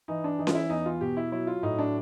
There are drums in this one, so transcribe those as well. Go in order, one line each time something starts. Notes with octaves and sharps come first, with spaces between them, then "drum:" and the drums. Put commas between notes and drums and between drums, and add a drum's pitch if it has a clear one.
E3 D#4
D4
E3 D#4
F4, drum: snare C#4
E4
E2 D#4
F4
B2 G4
E4
F#3 E4
F4
A2 D#4
D4